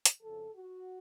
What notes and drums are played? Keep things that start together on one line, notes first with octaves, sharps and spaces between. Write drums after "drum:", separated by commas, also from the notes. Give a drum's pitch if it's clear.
drum: hi-hat
F2 C#3 F3 A4
F#4